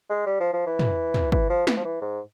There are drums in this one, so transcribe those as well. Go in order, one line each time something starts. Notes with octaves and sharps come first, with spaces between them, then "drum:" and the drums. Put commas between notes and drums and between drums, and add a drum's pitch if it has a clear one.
G#3
G3
F3
F3
E3
drum: tom
drum: tom
E3, drum: kick
F3
E3, drum: snare
F3
E3
G#2